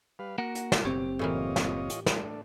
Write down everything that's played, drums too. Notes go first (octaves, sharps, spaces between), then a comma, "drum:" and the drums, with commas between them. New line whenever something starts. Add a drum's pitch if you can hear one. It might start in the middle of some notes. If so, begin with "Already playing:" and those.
G3 B4 F5
A#3 F#4 A#4 F#5
drum: hi-hat
drum: snare
F#1 B2 C4 G4 C#5
A2 E3 A#3 F4 C#5 D#5
drum: snare
drum: hi-hat
drum: snare
A3 D4